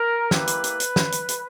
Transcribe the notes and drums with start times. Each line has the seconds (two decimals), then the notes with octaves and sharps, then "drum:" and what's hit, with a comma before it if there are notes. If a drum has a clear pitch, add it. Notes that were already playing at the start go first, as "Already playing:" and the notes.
Already playing: A#4
0.31 A#3 E4 G4 B4, drum: snare
0.47 drum: hi-hat
0.64 drum: hi-hat
0.80 drum: hi-hat
0.96 drum: snare
1.12 drum: hi-hat
1.29 drum: hi-hat